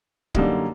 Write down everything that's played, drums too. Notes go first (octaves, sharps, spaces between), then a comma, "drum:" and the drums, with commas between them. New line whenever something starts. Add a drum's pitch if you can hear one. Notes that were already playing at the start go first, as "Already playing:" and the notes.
F#2 D3 G3 A#3 D#4, drum: kick